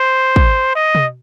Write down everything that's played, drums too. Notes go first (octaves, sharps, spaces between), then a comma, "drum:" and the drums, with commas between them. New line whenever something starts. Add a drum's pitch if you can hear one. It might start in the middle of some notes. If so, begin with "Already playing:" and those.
Already playing: C5
drum: kick
D#5
drum: tom